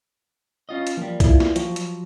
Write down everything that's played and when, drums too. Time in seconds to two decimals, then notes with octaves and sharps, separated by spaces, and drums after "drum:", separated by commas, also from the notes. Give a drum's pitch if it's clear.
0.69 C#4 F4 D#5
0.87 drum: hi-hat
0.97 F3 G3 A#3
1.20 E4 F4, drum: kick C2, hi-hat
1.40 drum: snare
1.56 F3 F#3, drum: hi-hat
1.76 drum: hi-hat